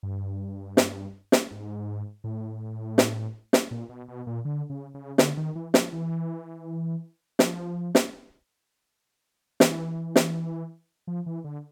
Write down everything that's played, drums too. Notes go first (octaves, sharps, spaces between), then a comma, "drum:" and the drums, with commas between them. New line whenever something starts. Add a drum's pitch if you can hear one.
G2
drum: snare
drum: snare
G#2
A2
drum: snare
drum: snare
A#2
B2
B2
A#2
D3
C#3
C#3
D3, drum: snare
D#3
E3
F3, drum: snare
E3
F3, drum: snare
drum: snare
E3, drum: snare
drum: snare
F3
E3
D3